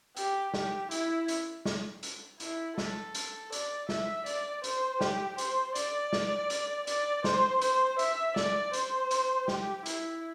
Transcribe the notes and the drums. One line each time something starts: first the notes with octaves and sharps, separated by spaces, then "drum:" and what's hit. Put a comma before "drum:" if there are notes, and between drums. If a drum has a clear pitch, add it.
G4, drum: hi-hat
G4, drum: snare
E4, drum: hi-hat
drum: hi-hat
drum: snare
drum: hi-hat
E4, drum: hi-hat
A4, drum: snare
drum: hi-hat
D5, drum: hi-hat
E5, drum: snare
D5, drum: hi-hat
C5, drum: hi-hat
G4, drum: snare
C5, drum: hi-hat
D5, drum: hi-hat
drum: snare
drum: hi-hat
D5, drum: hi-hat
C5, drum: snare
C5, drum: hi-hat
E5, drum: hi-hat
D5, drum: snare
C5, drum: hi-hat
drum: hi-hat
G4, drum: snare
E4, drum: hi-hat